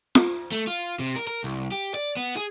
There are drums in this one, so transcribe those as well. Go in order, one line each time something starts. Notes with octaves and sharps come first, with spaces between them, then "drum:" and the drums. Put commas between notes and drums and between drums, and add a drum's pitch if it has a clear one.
drum: snare
A3
F4
C3
A#4
A#4
C2
G4
D5
B3
G#4